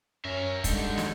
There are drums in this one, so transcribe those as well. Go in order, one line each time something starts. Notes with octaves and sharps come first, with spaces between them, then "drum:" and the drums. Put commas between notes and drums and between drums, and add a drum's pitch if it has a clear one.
F#2 C#4 A#4 E5
D3 G3 G#3 D#4 A4, drum: kick, hi-hat
drum: snare